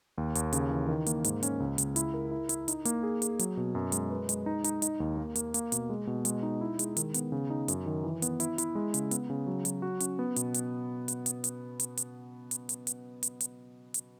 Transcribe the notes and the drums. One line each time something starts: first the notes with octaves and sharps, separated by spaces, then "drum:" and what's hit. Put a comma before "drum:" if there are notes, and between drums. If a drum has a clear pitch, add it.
D#2
D#2, drum: hi-hat
C#3, drum: hi-hat
E3
D#3
A#3, drum: hi-hat
G#2, drum: hi-hat
C#4, drum: hi-hat
C#2
C#2, drum: hi-hat
E4, drum: hi-hat
A#4
E4
E4, drum: hi-hat
D#4, drum: hi-hat
A#3, drum: hi-hat
G#4
G#4, drum: hi-hat
F#3, drum: hi-hat
B2
F#2
G#3, drum: hi-hat
B4
G#3, drum: hi-hat
D#4
D#4, drum: hi-hat
D#4, drum: hi-hat
D#2
A#3
A#3, drum: hi-hat
A#3, drum: hi-hat
B2, drum: hi-hat
G#3
B2
G#3, drum: hi-hat
D#4
E4
G#3, drum: hi-hat
D#3, drum: hi-hat
B3, drum: hi-hat
C#3
D#4
F#2, drum: hi-hat
D#3
E3
B3, drum: hi-hat
E4, drum: hi-hat
E4, drum: hi-hat
G#3
C#3, drum: hi-hat
B3, drum: hi-hat
C#3
F#3
F#3, drum: hi-hat
F#4
C#4, drum: hi-hat
B3
B2, drum: hi-hat
drum: hi-hat
drum: hi-hat
drum: hi-hat
drum: hi-hat
drum: hi-hat
drum: hi-hat
drum: hi-hat
drum: hi-hat
drum: hi-hat
drum: hi-hat
drum: hi-hat
drum: hi-hat